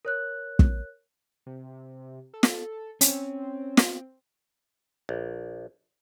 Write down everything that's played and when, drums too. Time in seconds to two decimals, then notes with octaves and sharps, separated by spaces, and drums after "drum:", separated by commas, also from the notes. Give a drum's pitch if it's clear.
0.05 A#4 C#5 F#6
0.59 drum: kick
1.46 C3
2.34 A4
2.43 drum: snare
3.01 C4 C#4, drum: hi-hat
3.77 drum: snare
5.09 A#1